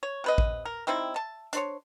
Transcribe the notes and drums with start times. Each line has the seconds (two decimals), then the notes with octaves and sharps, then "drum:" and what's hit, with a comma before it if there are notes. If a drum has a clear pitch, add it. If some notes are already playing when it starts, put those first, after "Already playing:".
0.03 C#5
0.24 C3 B4 D#5
0.38 drum: kick A1
0.65 A#4
0.87 G3 C4 D#4 E4
1.16 A5
1.53 D4 C5 C#5, drum: hi-hat